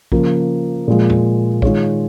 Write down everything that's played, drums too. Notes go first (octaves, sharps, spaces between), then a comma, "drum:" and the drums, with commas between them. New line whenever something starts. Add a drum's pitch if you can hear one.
C#3 F3 A#3, drum: kick
A#2 F3 G#3 F4
drum: tom E2
D#3 G#3 F4 G#4 C#5, drum: kick